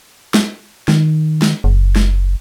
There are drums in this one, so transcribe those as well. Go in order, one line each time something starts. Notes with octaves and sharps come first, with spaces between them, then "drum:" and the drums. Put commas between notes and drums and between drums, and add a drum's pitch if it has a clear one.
drum: snare
D#3, drum: snare
drum: snare
F#1
drum: snare